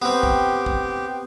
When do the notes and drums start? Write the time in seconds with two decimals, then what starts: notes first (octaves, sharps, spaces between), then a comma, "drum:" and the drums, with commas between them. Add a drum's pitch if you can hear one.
0.02 B3 C4 G4
0.23 drum: kick
0.66 drum: kick